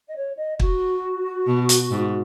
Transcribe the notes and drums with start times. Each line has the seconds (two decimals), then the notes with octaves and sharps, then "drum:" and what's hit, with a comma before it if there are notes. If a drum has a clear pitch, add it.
0.08 D#5
0.15 C#5
0.37 D#5
0.60 F#4, drum: kick
1.47 B2
1.69 drum: hi-hat
1.91 G#2